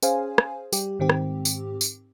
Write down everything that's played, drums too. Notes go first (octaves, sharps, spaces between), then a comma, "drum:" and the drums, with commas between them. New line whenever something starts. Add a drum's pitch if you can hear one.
C#4 G#4 C5 F5 G#5, drum: tambourine
drum: rim click
G3 G4, drum: tambourine
G#2 D#3 C4 G4
drum: rim click
drum: tambourine
drum: tambourine